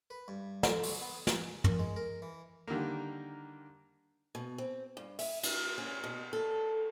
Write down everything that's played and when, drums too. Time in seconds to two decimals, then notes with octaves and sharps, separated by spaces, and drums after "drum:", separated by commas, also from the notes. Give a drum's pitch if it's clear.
0.10 B4
0.28 G2
0.63 D3, drum: snare
0.83 B1, drum: open hi-hat
1.01 B3
1.27 G#5, drum: snare
1.64 A#2, drum: tom
1.79 G#3
1.96 A#4
2.22 E3
2.67 D3 D#3 G3 A#3
4.35 B2
4.58 C4
4.97 G2
5.19 E5, drum: open hi-hat
5.43 F#4, drum: cymbal
5.78 C#4
6.04 B2
6.33 A4